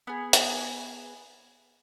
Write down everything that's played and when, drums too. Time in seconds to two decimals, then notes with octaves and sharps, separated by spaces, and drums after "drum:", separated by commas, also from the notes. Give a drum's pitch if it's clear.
0.07 B3 G#4
0.33 drum: hi-hat